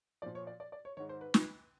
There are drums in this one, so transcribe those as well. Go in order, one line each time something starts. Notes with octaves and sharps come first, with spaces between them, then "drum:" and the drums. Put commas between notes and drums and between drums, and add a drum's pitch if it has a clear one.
A#2 F3 D5
C#5
D5
D5
D5
C#5
G#2 D#3 C#5
C5
B4
drum: snare